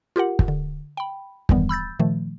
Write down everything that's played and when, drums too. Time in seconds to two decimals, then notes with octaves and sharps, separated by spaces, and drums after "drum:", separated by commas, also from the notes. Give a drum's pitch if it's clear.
0.16 F4 G4 A#4 F#5
0.39 drum: kick
0.48 D3
0.97 G5 B5
1.49 E2 G2 D#3 E3 G3 B3, drum: kick
1.69 B5 E6 G6 A6
1.99 A#2 D#3 F3 A3